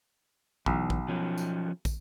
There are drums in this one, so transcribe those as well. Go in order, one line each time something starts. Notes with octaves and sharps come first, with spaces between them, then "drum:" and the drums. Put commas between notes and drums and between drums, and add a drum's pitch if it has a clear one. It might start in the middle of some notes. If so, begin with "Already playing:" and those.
B1 E2, drum: kick
drum: kick
F3 C#4
drum: tambourine
drum: kick, tambourine